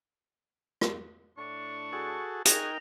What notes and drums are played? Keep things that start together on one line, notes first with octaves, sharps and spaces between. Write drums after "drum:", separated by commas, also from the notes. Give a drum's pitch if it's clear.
drum: rim click
A2 D4 C#6
F#4 G#4 A4
D#4 F#4 G#4 A#4 G5 A#6 F7, drum: hi-hat